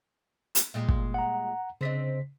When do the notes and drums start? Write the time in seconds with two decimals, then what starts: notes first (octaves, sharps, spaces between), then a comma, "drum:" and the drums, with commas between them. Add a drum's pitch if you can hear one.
0.55 drum: hi-hat
0.74 A#2 G3 G#3
0.89 drum: kick
1.14 F#5 A#5
1.81 C#3 C4 D4 D#5 B6